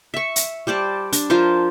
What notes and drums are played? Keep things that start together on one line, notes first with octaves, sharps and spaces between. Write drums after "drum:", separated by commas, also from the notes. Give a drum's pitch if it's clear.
E5 C#6
drum: hi-hat
G3 C5 D5 A5
D4, drum: hi-hat
F3 F4 A#4 C5